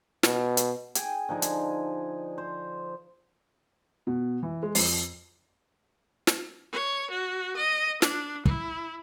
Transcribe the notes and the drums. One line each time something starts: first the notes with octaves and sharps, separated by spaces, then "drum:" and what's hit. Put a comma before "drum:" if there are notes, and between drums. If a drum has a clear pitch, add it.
B2, drum: snare
drum: hi-hat
G#4 G5 G#5, drum: hi-hat
D3 F3 D#4 G#4
drum: hi-hat
C5
B2
E3
G#3
F2, drum: open hi-hat
drum: snare
C#5
F#4
D#5
D4, drum: snare
E4, drum: kick